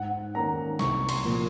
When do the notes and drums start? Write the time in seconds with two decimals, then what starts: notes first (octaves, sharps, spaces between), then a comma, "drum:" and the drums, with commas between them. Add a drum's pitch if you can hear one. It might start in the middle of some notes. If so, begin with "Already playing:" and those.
Already playing: G#2 F#5
0.35 D#3 A#3 C#4 A#5
0.79 C2 C#6, drum: snare
1.09 C6, drum: cymbal
1.24 A#2 F3 A#3